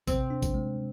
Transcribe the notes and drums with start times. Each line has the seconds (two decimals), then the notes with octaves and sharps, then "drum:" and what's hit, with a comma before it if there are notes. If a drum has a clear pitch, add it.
0.07 C3 C4, drum: kick A1, tambourine
0.30 D4
0.42 drum: kick A1, tambourine
0.54 G#3